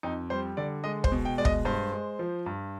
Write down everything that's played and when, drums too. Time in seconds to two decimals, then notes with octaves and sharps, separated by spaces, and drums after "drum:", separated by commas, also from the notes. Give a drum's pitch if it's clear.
0.03 F2 D#4
0.30 G3 C5
0.57 D3 D5
0.84 G#3 D#5
1.04 C5, drum: kick
1.12 B2
1.25 G5
1.38 G#3 D5
1.45 D#5, drum: kick
1.65 G2 C5
1.92 G#3
2.19 F3
2.46 G2